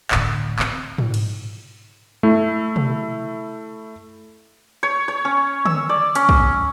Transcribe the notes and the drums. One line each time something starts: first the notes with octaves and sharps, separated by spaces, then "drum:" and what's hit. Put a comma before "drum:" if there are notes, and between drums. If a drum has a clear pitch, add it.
A2 D3, drum: clap
C4, drum: clap
drum: tom G#2
drum: cymbal
A3 E4
drum: tom
C#5
C#5
C#4
E6, drum: tom D3
D5
C#4, drum: hi-hat
drum: kick